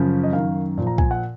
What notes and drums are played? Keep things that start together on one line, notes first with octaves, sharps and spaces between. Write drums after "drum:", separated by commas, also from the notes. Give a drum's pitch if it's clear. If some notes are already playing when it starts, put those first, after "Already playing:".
Already playing: F#2 C#3 F3
D#5
F#2 D#3 F5
A#2 F3
A#5
G#5, drum: kick
F#5